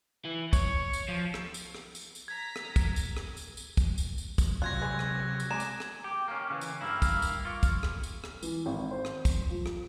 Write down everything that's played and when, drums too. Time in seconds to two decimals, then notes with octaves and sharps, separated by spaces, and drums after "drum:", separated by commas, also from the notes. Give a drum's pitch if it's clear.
0.25 E3
0.53 C#5, drum: kick, tambourine
0.93 drum: tambourine
1.08 F3
1.34 drum: rim click
1.54 drum: tambourine
1.75 drum: rim click
1.95 drum: tambourine
2.15 drum: tambourine
2.28 A#5 G#6 B6
2.56 drum: rim click
2.76 drum: kick, tambourine
2.96 drum: tambourine
3.17 drum: rim click
3.37 drum: tambourine
3.57 drum: tambourine
3.77 drum: kick, tambourine
3.98 drum: tambourine
4.18 drum: tambourine
4.38 drum: kick, tambourine
4.62 C3 F#3 F4 F#6 G#6 A#6
4.81 G#3 G#4 B4
4.99 drum: rim click
5.40 drum: tambourine
5.51 G#3 G#5 A#5 D6 E7
5.60 drum: tambourine
5.80 drum: rim click
6.04 G4
6.28 A#3 C#4
6.50 C#3 E3
6.61 drum: tambourine
6.81 G2 A#3 E4 F6
7.02 drum: kick, tambourine
7.22 drum: tambourine
7.45 F4 C#6 D6
7.63 drum: kick, tambourine
7.83 drum: rim click
8.03 drum: tambourine
8.24 drum: rim click
8.43 E3, drum: tambourine
8.66 G#1
8.91 C5
9.05 drum: rim click
9.25 drum: kick, tambourine
9.50 F3
9.66 drum: rim click